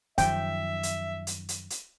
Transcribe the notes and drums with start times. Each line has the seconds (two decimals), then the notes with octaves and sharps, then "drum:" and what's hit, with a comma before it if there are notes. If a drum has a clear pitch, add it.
0.18 F#2 D#3 F3 E5 G5, drum: kick C#1, hi-hat
0.83 drum: hi-hat
1.27 drum: hi-hat
1.49 drum: hi-hat
1.70 drum: hi-hat